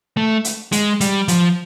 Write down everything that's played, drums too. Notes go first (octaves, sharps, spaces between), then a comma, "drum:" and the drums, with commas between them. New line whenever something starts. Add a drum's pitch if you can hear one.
A3
drum: hi-hat
G#3, drum: hi-hat
G3, drum: hi-hat
F3, drum: hi-hat